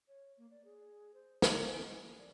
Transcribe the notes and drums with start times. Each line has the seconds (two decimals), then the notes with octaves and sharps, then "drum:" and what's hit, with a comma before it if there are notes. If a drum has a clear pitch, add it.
0.08 C#5
0.37 A#3
0.51 D5
0.65 G#4
1.14 C5
1.42 C#5, drum: snare
1.66 G#5
1.83 C#4
2.03 A#3
2.18 D5